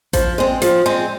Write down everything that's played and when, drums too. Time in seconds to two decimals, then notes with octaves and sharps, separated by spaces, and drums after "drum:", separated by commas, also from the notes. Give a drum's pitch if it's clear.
0.13 F3, drum: kick A1, hi-hat
0.38 G#3 C4
0.62 F3, drum: hi-hat
0.86 G#3 C4